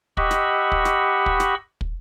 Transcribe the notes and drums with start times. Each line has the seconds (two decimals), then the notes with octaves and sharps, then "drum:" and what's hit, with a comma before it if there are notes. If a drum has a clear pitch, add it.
0.17 G4 D#5 F#5 B5 C#6 E6, drum: kick
0.31 drum: snare
0.72 drum: kick
0.85 drum: snare
1.26 drum: kick
1.40 drum: snare
1.81 drum: kick